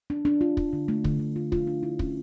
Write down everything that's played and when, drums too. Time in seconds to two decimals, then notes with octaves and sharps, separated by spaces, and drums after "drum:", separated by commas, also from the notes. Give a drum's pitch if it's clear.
0.10 D4
0.25 D4
0.41 F4
0.57 F4, drum: kick
0.73 D3
0.88 A3
1.04 D3, drum: kick
1.19 D3
1.36 F4
1.52 F4, drum: kick
1.67 D4
1.83 E4
1.99 C#4, drum: kick